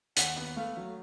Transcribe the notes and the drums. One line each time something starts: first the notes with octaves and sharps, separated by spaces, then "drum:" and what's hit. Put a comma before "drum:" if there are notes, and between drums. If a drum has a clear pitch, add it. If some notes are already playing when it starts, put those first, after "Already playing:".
D#2 F#5, drum: hi-hat
B3
A3 F5
F#3